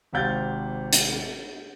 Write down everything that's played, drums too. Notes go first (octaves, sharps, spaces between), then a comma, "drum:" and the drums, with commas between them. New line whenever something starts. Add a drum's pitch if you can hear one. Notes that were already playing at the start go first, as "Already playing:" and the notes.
G#1 C3 F5 F#5 G6 A6
drum: hi-hat